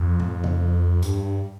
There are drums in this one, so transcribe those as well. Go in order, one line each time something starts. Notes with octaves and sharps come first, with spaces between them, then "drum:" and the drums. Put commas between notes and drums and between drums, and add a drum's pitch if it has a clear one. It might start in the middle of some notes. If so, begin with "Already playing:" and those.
Already playing: F2
drum: tom A2
drum: tom C#3
G2, drum: hi-hat